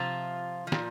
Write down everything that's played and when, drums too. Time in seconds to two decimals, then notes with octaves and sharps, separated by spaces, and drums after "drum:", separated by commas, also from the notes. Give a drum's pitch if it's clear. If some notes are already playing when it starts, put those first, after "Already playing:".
Already playing: C3 F3 F4
0.67 F3
0.72 A#2, drum: snare